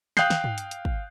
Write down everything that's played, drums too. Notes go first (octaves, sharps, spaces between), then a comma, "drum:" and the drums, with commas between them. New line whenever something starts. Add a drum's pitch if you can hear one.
F5 G5 D#6 F#6 G6 C7, drum: snare
drum: snare
drum: tom
drum: hi-hat
drum: hi-hat
drum: kick